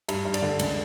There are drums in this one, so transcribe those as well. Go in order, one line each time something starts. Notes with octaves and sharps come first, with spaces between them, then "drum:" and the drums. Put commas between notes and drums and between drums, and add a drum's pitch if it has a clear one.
G2, drum: cymbal
G2
D5, drum: cymbal
D3
C#2, drum: cymbal